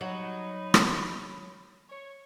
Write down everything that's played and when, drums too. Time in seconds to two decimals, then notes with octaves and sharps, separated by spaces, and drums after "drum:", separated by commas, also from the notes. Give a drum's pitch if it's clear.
0.01 F#3 D#4 B5
0.74 drum: rim click
1.89 C#5